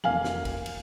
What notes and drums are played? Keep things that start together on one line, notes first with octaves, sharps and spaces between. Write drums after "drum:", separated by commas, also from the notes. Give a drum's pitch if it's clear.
F1 A#3 F5 G#5 F#7, drum: tom E3
drum: snare
drum: kick, cymbal
drum: cymbal